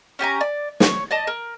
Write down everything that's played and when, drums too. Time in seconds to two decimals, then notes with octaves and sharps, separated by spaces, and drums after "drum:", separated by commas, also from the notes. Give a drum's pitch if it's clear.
0.19 C#4 G4 G#5 A#5
0.41 D5
0.80 C#5, drum: snare
1.11 D5 D#5 A5
1.27 A#4